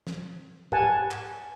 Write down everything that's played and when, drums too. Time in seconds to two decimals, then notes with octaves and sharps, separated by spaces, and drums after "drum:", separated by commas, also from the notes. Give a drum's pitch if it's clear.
0.07 drum: snare
0.72 G4 B4 F#5 G#5 A5, drum: tom
1.11 drum: clap